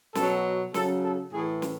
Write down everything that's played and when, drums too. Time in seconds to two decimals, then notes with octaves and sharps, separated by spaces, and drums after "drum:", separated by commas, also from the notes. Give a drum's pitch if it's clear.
0.15 B2 F#3 A4, drum: snare
0.74 C#3 F#3 A4, drum: snare
1.03 A4
1.33 A2 E3 G#4
1.62 drum: snare